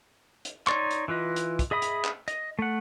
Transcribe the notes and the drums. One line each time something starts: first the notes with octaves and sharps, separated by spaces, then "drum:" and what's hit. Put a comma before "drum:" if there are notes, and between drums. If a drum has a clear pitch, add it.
drum: hi-hat
D#4 C#5 D5 C6 C#6, drum: clap
drum: hi-hat
E3 F4 B4 D#5
drum: hi-hat
drum: kick, hi-hat
G#4 D#5 E5 B5 D#6
drum: hi-hat
drum: clap
D#5, drum: hi-hat
A3 F#5